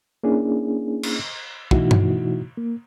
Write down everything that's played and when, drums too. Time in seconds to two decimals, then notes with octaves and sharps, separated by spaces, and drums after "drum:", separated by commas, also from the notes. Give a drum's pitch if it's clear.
0.23 A#3 C#4 D4 E4 G#4
1.03 drum: cymbal
1.71 B2 E3 A3 D#4 E4 F#4, drum: kick
1.91 drum: tom G2
2.58 A#3